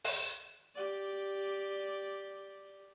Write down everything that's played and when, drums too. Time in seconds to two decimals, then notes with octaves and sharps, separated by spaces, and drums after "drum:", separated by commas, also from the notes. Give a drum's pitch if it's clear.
0.04 drum: open hi-hat
0.75 G4 D5